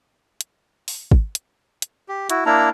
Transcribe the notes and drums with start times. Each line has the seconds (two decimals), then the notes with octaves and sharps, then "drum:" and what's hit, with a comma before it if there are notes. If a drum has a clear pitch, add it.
0.41 drum: hi-hat
0.88 drum: open hi-hat
1.11 drum: kick
1.35 drum: hi-hat
1.82 drum: hi-hat
2.08 G4
2.30 E4 F#4, drum: hi-hat
2.46 A#3 D4 E4 A#5